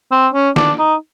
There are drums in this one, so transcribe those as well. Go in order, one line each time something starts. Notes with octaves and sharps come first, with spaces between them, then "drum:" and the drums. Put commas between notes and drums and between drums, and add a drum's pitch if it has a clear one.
C4
C#4
D4, drum: snare
D#4